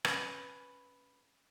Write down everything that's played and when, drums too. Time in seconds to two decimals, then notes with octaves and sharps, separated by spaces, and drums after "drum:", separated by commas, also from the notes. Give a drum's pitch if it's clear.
0.05 C#4 B4, drum: rim click